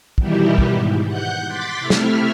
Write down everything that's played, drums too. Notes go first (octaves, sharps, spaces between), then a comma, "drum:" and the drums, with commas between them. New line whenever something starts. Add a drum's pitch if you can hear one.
B2 D#3 E3 G3 E4 G4, drum: kick
drum: kick
G#2
F#5 F#6 G6
C6 D6 A6 B6
C3 A3 E4 E5 F6
drum: snare